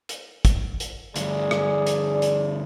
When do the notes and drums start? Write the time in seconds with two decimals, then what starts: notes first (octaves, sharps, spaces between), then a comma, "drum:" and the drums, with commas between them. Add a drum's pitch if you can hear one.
0.09 drum: hi-hat
0.45 drum: kick, hi-hat
0.80 drum: hi-hat
1.16 D2 G2 G#4 D5, drum: hi-hat
1.51 drum: rim click
1.87 drum: hi-hat
2.22 drum: hi-hat